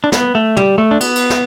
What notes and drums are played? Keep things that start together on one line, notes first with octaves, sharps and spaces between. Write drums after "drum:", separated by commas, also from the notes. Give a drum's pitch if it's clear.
D4
B3, drum: snare
A3
G3, drum: tom
A3
D4
B3, drum: cymbal
drum: cymbal
drum: snare